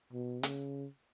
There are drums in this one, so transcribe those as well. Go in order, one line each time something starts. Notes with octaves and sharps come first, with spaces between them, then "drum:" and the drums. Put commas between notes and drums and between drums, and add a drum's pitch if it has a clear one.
B2
C#3, drum: hi-hat